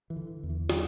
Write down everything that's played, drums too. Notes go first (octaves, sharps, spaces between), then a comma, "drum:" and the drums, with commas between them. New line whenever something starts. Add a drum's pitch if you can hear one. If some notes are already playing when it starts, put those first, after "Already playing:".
E3
D3
E2
E3
D3 F#3, drum: snare